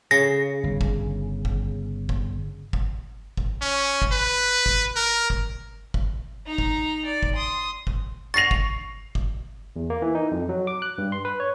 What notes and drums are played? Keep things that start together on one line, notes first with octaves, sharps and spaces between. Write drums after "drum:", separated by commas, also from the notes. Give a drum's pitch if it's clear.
C#3 A#6
G1
drum: kick
drum: kick
drum: kick
drum: kick
drum: kick
C#4
drum: kick
B4
drum: kick
A#4
drum: kick
drum: kick
D#4 A#5
drum: kick
D5
drum: kick
C6 D#6
drum: kick
C#6 A6 A#6 C7 F7
drum: kick
drum: kick
E2
A#3
E3
D#4
F2
F#3
D6
F#6
G2
C6
B4
C#5